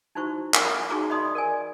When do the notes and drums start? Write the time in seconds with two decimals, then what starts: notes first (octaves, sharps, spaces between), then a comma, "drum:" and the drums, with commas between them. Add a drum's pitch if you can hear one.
0.15 D#4 E4 F#4 C5 C#6
0.54 A#4, drum: clap
0.90 D#4 F#4 G#4 A#5 C#6 D6
1.10 D5 D#5 B5 C6 D#6
1.35 A#4 D5 G#5